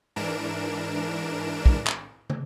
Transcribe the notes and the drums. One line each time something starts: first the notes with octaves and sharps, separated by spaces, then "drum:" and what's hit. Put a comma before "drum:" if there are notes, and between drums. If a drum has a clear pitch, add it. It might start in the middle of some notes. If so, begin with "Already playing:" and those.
G#2 E3 D4 A#4 D7 E7
drum: kick
drum: clap
drum: tom